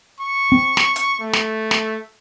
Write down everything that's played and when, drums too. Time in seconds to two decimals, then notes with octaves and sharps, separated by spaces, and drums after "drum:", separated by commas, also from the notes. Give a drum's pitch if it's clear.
0.20 C#6
0.52 C4
0.77 drum: snare
0.96 drum: hi-hat
1.20 A3
1.33 drum: snare
1.71 drum: snare